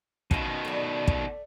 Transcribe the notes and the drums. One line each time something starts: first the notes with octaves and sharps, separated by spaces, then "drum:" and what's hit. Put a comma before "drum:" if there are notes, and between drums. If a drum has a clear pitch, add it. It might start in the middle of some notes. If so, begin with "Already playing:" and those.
B2 D#3 C#4 D#4 F4, drum: kick
A3 D5
drum: kick